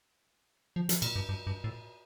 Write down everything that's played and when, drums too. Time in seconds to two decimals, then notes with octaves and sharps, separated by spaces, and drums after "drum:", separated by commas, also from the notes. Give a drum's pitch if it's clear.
0.76 F3
0.89 F3, drum: hi-hat
1.02 A#2, drum: cymbal
1.16 G2
1.29 G2
1.47 G2
1.64 A2